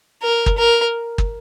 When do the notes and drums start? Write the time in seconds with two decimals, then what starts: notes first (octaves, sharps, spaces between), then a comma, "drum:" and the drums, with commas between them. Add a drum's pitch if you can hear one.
0.23 A#4
0.46 drum: kick
0.58 A#4
1.18 drum: kick